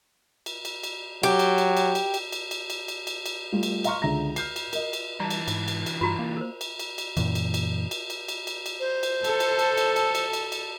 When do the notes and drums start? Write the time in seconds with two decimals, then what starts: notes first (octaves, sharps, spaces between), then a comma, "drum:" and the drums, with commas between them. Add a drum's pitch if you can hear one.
0.46 drum: cymbal
0.65 drum: cymbal
0.83 drum: cymbal
1.23 F#3 G4, drum: cymbal
1.39 drum: cymbal
1.58 drum: cymbal
1.77 drum: cymbal
1.95 drum: cymbal
2.14 drum: cymbal
2.32 drum: cymbal
2.51 drum: cymbal
2.70 drum: cymbal
2.88 drum: cymbal
3.07 drum: cymbal
3.26 drum: cymbal
3.53 G3 A3 F4
3.63 drum: cymbal
3.84 D#5 F5 A#5 C6 C#6 F6, drum: cymbal
4.02 C#2 D3 G#3 E5 A#5 A#6
4.36 F6 G6 C7, drum: cymbal
4.56 drum: cymbal
4.73 A#4 D#5, drum: cymbal
4.93 drum: cymbal
5.20 D3 E3 G3 A5 A#5
5.30 drum: cymbal
5.48 G#2, drum: cymbal
5.68 drum: cymbal
5.86 drum: cymbal
6.01 G2 F4 F#4 A#5
6.19 A#3
6.37 A#4 C5
6.61 drum: cymbal
6.79 drum: cymbal
6.98 drum: cymbal
7.17 F#2 A#2 E3, drum: cymbal
7.35 drum: cymbal
7.54 drum: cymbal
7.91 drum: cymbal
8.10 drum: cymbal
8.28 drum: cymbal
8.47 drum: cymbal
8.66 drum: cymbal
8.80 C5
9.03 drum: cymbal
9.24 A4, drum: cymbal
9.40 drum: cymbal
9.59 drum: cymbal
9.77 drum: cymbal
9.96 drum: cymbal
10.15 drum: cymbal
10.33 drum: cymbal
10.52 drum: cymbal